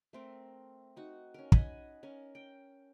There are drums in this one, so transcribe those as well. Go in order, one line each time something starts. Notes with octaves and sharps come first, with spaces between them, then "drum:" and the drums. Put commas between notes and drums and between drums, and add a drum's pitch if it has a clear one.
A3 C4 A#4
D#4 F#4
C#4 A#4
D#5 F#5 G#5 B5, drum: kick
C#4 A#4
G5